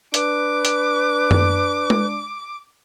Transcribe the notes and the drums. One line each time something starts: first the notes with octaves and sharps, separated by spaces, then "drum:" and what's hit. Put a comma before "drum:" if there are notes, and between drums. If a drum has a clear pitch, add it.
D4 B4 D6, drum: hi-hat
drum: hi-hat
drum: tom F#2
drum: tom G#3